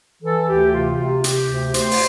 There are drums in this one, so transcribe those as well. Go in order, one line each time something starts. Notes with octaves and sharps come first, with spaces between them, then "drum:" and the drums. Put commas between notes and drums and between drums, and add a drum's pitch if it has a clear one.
E3 A4
D2 G4
C3 F4
C3
C3 G4, drum: hi-hat
D2
D2 C5, drum: hi-hat
drum: open hi-hat